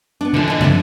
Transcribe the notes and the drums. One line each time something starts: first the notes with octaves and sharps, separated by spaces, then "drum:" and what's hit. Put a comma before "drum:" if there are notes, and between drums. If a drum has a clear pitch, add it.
B3 D4
A2 D3 E3 F3
D4 D#5
G2 C3 E4, drum: tom